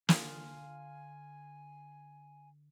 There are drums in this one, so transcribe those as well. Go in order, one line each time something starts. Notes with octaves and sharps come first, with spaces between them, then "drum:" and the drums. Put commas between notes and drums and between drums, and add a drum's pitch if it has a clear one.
D3 F4 F5 G#5, drum: snare